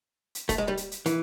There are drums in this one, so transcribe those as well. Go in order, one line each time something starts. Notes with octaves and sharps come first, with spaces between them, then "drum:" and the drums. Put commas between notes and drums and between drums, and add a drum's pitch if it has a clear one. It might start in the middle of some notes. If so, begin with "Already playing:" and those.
drum: hi-hat
A3, drum: kick, hi-hat
G#3
G3
drum: hi-hat
drum: hi-hat
E3, drum: hi-hat